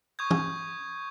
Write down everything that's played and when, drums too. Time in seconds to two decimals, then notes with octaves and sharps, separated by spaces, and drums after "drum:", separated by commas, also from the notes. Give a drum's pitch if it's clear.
0.19 C#6 D#6 G6 G#6
0.31 drum: tom E3